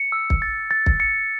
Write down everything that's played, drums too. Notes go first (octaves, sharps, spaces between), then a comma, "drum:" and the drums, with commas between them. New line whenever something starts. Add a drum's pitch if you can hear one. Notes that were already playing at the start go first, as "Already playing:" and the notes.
Already playing: C#7
E6
drum: kick
A6
A6
drum: kick
C#7